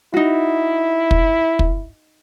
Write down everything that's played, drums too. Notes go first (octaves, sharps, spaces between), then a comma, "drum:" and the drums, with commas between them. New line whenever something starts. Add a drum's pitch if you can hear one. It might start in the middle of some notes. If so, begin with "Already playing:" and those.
D#4 E4 F#4
drum: kick
drum: kick